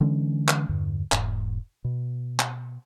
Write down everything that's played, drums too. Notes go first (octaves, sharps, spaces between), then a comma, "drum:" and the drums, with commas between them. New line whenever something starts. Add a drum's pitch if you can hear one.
D3 E3 G#3 C#4
drum: clap
E2 G2 D3
E1 G#2, drum: clap
B2
drum: clap